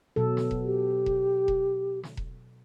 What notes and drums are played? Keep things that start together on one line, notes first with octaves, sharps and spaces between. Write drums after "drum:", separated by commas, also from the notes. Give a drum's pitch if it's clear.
B2 F#3 A4
drum: snare
drum: kick E1
G4
drum: kick E1
drum: kick E1
drum: snare
drum: kick E1